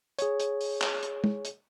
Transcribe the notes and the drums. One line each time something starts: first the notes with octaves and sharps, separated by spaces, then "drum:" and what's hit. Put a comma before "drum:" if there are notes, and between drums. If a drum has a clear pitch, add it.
G#4 C#5, drum: hi-hat
drum: hi-hat
drum: open hi-hat
drum: clap
drum: hi-hat
drum: tom
drum: hi-hat